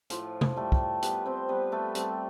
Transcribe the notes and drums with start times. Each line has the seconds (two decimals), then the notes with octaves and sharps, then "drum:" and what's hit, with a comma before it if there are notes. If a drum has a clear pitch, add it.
0.10 A2 F3 F4, drum: hi-hat
0.41 drum: tom C3
0.57 G3 A3 A4
0.72 drum: kick
1.02 G3 B3 B4, drum: hi-hat
1.25 C4 C5
1.49 G3 B3 B4
1.72 A3 A4
1.95 G3 C4, drum: hi-hat